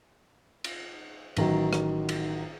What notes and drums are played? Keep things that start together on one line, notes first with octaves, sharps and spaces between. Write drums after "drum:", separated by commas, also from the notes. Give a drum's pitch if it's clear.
drum: cymbal
A1 D#3 F#3, drum: cymbal
drum: rim click
drum: cymbal